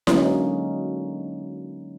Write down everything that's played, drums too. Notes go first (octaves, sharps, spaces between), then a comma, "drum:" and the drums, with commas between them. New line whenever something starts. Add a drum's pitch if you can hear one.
D3 F#3 G#3 A#3 C#4 D#4, drum: snare E4